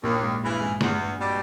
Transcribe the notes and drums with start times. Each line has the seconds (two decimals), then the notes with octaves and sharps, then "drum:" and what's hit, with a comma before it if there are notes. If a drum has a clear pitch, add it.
0.03 A#1 D#2 A#2
0.17 A#2
0.23 G#2
0.42 G2 C#3 E3
0.61 G#2
0.81 E2 G2, drum: snare
1.20 B2 G3